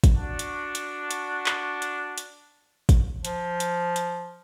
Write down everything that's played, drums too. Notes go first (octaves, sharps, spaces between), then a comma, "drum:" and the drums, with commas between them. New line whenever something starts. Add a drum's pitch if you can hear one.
drum: kick, hi-hat
D4 F#4
drum: hi-hat
drum: hi-hat
drum: hi-hat
drum: clap
drum: hi-hat
drum: hi-hat
drum: kick, hi-hat
F3, drum: hi-hat
drum: hi-hat
drum: hi-hat